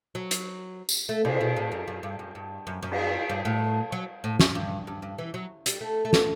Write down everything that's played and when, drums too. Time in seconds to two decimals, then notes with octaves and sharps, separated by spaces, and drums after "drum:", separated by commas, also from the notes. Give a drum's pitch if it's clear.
0.15 F#3
0.31 drum: hi-hat
0.89 drum: tambourine
1.09 A3
1.25 C3, drum: cymbal
1.41 B2
1.56 A2
1.72 F#2
1.88 F#2
2.03 G2
2.19 F#2
2.35 G2
2.67 F#2
2.83 F#2
2.92 drum: cymbal
3.29 G2
3.45 A2
3.92 F#3
4.24 A2
4.39 F#2, drum: snare
4.55 G2
4.87 G2
5.02 G2
5.18 E3
5.34 F#3
5.66 G3, drum: hi-hat
5.81 A3
6.05 A3
6.13 B3, drum: snare